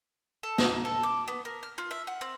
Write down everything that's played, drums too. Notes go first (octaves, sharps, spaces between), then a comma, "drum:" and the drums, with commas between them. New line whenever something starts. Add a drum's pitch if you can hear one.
A4
D#4, drum: snare
A4
D6
B3
A#4
F6
F4
E5
F#5
C4